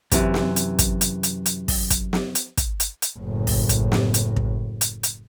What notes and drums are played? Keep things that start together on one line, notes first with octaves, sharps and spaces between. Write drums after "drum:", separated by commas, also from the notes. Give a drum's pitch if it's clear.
F#2 C3 E3, drum: kick, hi-hat
drum: snare
drum: hi-hat
drum: kick, hi-hat
drum: hi-hat
drum: hi-hat
drum: hi-hat
drum: kick, open hi-hat
drum: kick, hi-hat
drum: snare
drum: hi-hat
drum: kick, hi-hat
drum: hi-hat
drum: hi-hat
F#1 A2
drum: kick, open hi-hat
drum: kick, hi-hat
drum: snare
drum: hi-hat
drum: kick
drum: hi-hat
drum: hi-hat